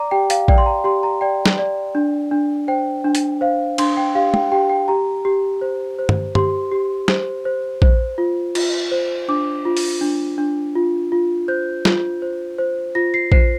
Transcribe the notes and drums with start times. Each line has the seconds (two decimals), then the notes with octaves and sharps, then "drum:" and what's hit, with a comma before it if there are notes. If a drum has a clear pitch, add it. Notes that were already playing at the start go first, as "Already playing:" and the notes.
Already playing: D5 A#5 D6
0.11 G4 G5
0.30 F5, drum: hi-hat
0.48 D5 G5, drum: kick
0.58 C6
0.66 A#5
0.84 G4 C6
1.03 A#5
1.21 D5 G5
1.46 drum: snare
1.59 D5
1.95 D4
2.31 D4
2.68 C5 G5
3.04 D4
3.15 drum: hi-hat
3.41 C5 F5
3.78 D4 C6, drum: cymbal
3.97 G5
4.15 G4 F5
4.34 G5, drum: tom
4.52 G4 G5
4.69 G5
4.88 G4 A#5
5.25 G4
5.61 C5
5.99 C5
6.09 drum: tom G2
6.35 G4 C6, drum: tom G2
6.72 G4
7.08 C5, drum: snare
7.45 C5
7.82 C5, drum: kick
8.18 F4
8.55 F4, drum: cymbal
8.91 C5
9.28 D4 D6
9.65 F4
9.77 drum: open hi-hat
10.01 D4
10.38 D4
10.75 F4
11.12 F4
11.48 C5 G6
11.85 F4, drum: snare
12.22 C5
12.58 C5
12.95 F4 A#6
13.14 C7
13.32 C5 C7, drum: kick